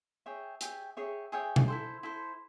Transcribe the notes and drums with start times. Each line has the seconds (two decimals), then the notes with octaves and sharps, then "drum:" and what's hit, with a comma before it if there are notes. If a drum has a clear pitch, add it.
0.26 G#4 C#5 E5 G5
0.61 G#4 C#5 E5 G5, drum: hi-hat
0.97 G#4 C#5 E5 G5
1.32 G#4 C#5 E5 G5
1.56 drum: tom B2
1.68 E4 A4 C5
2.03 E4 A4 C5